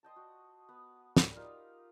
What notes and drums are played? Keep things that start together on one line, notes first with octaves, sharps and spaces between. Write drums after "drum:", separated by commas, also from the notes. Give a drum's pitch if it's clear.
C5 D#5 G5 A5
F#4
B3 B4 D#6
G3 A#4, drum: snare
D#4 F4 G4 A#4